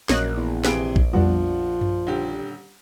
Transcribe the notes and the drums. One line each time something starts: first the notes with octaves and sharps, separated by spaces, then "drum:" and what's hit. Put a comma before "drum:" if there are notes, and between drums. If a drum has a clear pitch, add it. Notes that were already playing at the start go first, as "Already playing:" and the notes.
A#1 F#2 A#3 C#5 D#5 F#6, drum: snare
E2
C3 E3 G#4 B4 D7, drum: snare
drum: kick
F2 F3 G3 B3 D4 F#4
drum: tom F#2
D#1 D3 G4